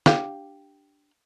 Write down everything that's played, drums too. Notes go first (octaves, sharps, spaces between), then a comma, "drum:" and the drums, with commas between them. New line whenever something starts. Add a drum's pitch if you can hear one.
D4 G4 F5, drum: snare